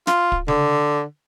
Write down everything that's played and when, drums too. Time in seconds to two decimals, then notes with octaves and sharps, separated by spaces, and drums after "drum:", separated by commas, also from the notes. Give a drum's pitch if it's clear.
0.07 F4, drum: snare
0.32 drum: kick
0.48 D3, drum: tom C#3